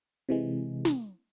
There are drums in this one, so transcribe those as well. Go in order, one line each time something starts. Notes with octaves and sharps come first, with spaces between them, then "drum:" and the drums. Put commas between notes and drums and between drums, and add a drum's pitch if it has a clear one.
C3 E3 G#3
drum: snare